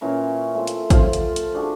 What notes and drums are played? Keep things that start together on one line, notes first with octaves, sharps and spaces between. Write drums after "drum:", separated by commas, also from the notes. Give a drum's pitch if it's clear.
A#2 E3 C#4 A#5
A3 C4 F4
drum: hi-hat
F3 F5 A5, drum: kick A1, hi-hat
drum: hi-hat
drum: hi-hat
D4 F#4 G#4